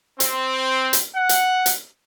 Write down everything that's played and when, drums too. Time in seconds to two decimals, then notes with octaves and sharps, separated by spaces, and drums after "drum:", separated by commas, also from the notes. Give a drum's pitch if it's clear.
0.20 C4, drum: hi-hat
0.93 drum: hi-hat
1.15 F#5
1.29 drum: hi-hat
1.66 drum: hi-hat